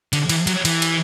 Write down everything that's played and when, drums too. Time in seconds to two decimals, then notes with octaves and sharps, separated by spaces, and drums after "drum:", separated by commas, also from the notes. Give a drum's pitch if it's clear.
0.13 D3, drum: cymbal
0.29 E3, drum: cymbal
0.47 F#3, drum: cymbal
0.65 E3, drum: cymbal
0.82 drum: cymbal